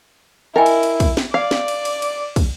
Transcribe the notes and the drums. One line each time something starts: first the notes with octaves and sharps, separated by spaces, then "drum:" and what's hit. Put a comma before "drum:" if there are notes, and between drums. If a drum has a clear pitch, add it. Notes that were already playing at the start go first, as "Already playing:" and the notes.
E4 A#4 D#5 G5 G#5
drum: cymbal
drum: cymbal
drum: kick, cymbal
drum: snare
D5 F5
drum: snare
drum: cymbal
drum: cymbal
drum: cymbal
drum: kick, cymbal